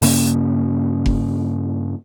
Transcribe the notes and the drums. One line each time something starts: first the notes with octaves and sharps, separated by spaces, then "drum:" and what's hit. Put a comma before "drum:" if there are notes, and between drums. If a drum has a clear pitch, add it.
G2 C#3 A#3 C#4, drum: open hi-hat
drum: kick F1